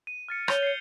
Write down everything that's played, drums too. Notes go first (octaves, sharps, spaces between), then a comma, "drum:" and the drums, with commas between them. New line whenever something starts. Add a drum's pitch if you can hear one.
D#7
F6 A6 C#7
C#5 G6 F7 G7, drum: rim click
C7 C#7